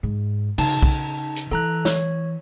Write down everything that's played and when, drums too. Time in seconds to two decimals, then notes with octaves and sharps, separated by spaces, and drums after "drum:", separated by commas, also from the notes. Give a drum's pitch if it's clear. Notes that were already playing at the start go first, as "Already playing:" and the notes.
0.03 G#2
0.58 C#3 D#4 A5, drum: cymbal
0.83 C#3, drum: kick
1.36 drum: hi-hat
1.51 E3 A4 A#5 F#6
1.85 C#5, drum: snare